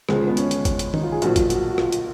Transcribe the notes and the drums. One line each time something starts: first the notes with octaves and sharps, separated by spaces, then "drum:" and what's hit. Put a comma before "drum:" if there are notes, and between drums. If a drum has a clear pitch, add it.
C#2 C#3 F3 G#3, drum: rim click
B3
C#4, drum: hi-hat
drum: hi-hat
drum: kick, hi-hat
drum: hi-hat
D#4, drum: tom D#3
F4
G#4
B1 A#2 F3 F#4, drum: hi-hat
drum: kick, hi-hat
F#4, drum: hi-hat
F#4
F4, drum: rim click
drum: hi-hat